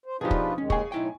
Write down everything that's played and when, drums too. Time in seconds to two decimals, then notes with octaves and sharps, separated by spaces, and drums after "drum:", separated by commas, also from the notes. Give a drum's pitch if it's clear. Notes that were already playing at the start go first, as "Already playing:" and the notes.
0.06 C5
0.21 B2 F3 D4 D#4 F4 G4 G#4 B4
0.31 drum: kick
0.58 D#2 D#3 G#3 C#4
0.70 G#4 F5 G#5 C#6, drum: kick
0.92 B1 A2 D#4 E4 G5